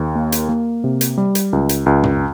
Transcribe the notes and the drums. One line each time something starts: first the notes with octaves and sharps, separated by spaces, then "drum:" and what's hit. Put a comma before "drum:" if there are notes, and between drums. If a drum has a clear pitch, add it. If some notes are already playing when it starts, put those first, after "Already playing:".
Already playing: D#2
A#3
drum: hi-hat
A#3
C3
drum: hi-hat
G3
drum: hi-hat
C#2
drum: hi-hat
C#2
drum: tom